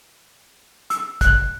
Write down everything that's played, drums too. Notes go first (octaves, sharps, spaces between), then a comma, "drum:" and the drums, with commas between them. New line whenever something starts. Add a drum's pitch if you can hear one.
E6, drum: hi-hat
F#6, drum: kick, hi-hat